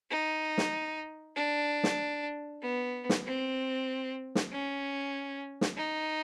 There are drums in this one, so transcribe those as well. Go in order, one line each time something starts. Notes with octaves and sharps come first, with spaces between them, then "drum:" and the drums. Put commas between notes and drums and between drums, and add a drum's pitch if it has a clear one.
D#4
drum: snare
D4
drum: snare
B3
drum: snare
C4
drum: snare
C#4
drum: snare
D#4